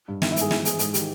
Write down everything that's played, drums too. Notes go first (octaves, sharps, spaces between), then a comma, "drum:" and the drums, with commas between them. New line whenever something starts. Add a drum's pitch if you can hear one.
G2
D#3 E4, drum: snare
E4
G#2 G#4, drum: hi-hat
E3 E4, drum: snare
E3 G#4, drum: hi-hat
G#2 G#4, drum: hi-hat
D#3 G4, drum: hi-hat